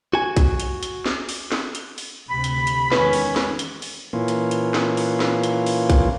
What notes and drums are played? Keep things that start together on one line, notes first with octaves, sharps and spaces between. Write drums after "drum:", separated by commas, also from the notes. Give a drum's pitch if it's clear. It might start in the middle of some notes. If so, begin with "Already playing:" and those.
F#4 G#5
drum: kick, hi-hat
drum: hi-hat
drum: hi-hat
drum: snare
drum: open hi-hat
drum: snare
drum: hi-hat
drum: open hi-hat
D2 C3 B5
drum: hi-hat
drum: hi-hat
E2 D#3 G#3 C#4 B4, drum: snare
drum: open hi-hat
drum: snare
drum: hi-hat
drum: open hi-hat
A#2 E3 A#3 C#4 F4
drum: hi-hat
drum: hi-hat
drum: snare
drum: open hi-hat
drum: snare
drum: hi-hat
drum: open hi-hat
drum: kick, hi-hat